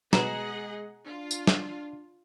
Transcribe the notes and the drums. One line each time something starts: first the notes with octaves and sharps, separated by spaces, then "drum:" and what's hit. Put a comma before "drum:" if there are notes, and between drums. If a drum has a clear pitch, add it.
B2 G#3 B3 G#4 D#5 F#5 A#5, drum: snare
D4 F4
drum: tambourine
drum: snare